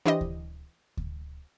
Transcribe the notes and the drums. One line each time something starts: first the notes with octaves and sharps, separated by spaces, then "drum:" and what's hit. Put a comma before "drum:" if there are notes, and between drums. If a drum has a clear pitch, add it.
E3 D4 E4 G4 C5 D#5
drum: kick D2
drum: kick D2